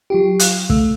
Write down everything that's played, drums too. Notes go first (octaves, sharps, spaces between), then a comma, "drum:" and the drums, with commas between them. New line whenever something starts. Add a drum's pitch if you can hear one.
F#3 F4 G4
F5 F#6, drum: hi-hat
A3, drum: kick